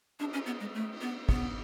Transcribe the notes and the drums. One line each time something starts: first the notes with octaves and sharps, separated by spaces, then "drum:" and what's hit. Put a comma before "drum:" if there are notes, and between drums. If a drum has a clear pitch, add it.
D4, drum: cymbal
C#4
B3
G#3
A3
drum: cymbal
B3
B3, drum: kick, cymbal